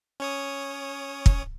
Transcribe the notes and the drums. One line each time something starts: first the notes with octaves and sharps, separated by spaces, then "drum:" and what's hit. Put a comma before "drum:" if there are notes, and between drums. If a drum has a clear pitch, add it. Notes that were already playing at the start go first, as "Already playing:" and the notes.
C#4 C#5 D#6
drum: kick